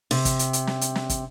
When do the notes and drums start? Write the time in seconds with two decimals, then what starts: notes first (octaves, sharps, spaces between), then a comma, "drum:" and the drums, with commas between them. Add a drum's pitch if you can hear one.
0.11 C3, drum: open hi-hat
0.25 drum: kick, hi-hat
0.39 drum: hi-hat
0.53 drum: hi-hat
0.67 drum: snare
0.81 drum: hi-hat
0.95 drum: snare
1.10 drum: kick, hi-hat